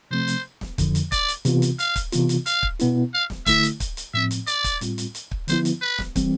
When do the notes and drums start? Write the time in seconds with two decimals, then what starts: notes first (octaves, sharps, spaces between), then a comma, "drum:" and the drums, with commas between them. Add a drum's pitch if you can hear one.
0.11 C3 F3 A3 C4 C5
0.28 drum: hi-hat
0.61 drum: snare
0.78 F2 D3 F3, drum: kick, hi-hat
0.95 drum: hi-hat
1.12 D5, drum: kick, hi-hat
1.28 drum: hi-hat
1.45 C3 E3 B3 F4, drum: hi-hat
1.62 drum: hi-hat
1.79 F5, drum: hi-hat
1.96 drum: kick, hi-hat
2.12 C3 E3 B3 F4, drum: hi-hat
2.29 drum: hi-hat
2.46 F5, drum: hi-hat
2.63 drum: kick
2.79 B2 B3 E4, drum: hi-hat
3.14 F5
3.30 drum: snare
3.46 D3 A3 E4 E5, drum: kick, hi-hat
3.63 drum: hi-hat
3.80 drum: kick, hi-hat
3.97 drum: hi-hat
4.14 A2 F3 C4 E5
4.31 drum: hi-hat
4.47 D5, drum: hi-hat
4.64 drum: kick, hi-hat
4.81 A2 G3 C4 F4, drum: hi-hat
4.98 drum: hi-hat
5.15 drum: hi-hat
5.31 drum: kick
5.48 D3 F3 B3 E4 C5, drum: hi-hat
5.65 drum: hi-hat
5.81 B4
5.99 drum: snare
6.16 E3 G3 C4, drum: kick, hi-hat